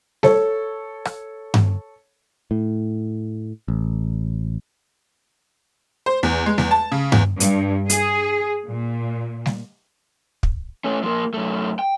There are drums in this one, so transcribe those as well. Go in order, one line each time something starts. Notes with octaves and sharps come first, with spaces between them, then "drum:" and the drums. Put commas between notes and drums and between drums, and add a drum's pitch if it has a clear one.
A4 C#5, drum: snare G3
drum: rim click
drum: tom G2
A2
A1
C5
E2
G#3
E2, drum: snare G3
A5
C#3
E2, drum: tom G2
G2, drum: hi-hat
G#4, drum: hi-hat
A#2
drum: snare G3
drum: kick
A3 C#4
F3 A#3
F#2 A3
G5